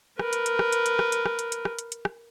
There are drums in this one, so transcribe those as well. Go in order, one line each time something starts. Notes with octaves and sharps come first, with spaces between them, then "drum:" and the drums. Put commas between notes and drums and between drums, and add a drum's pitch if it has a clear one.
A#4 B4, drum: rim click
drum: hi-hat
drum: hi-hat
drum: rim click
drum: hi-hat
drum: hi-hat
drum: rim click
drum: hi-hat
drum: rim click
drum: hi-hat
drum: hi-hat
drum: rim click
drum: hi-hat
drum: hi-hat
drum: rim click